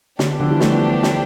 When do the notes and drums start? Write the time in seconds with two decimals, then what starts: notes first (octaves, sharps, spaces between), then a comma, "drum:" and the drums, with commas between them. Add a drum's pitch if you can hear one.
0.19 D3 B3 D4 G4, drum: snare
0.40 D3 F3
0.50 E3 G3
0.60 F3 A3, drum: snare
1.03 drum: snare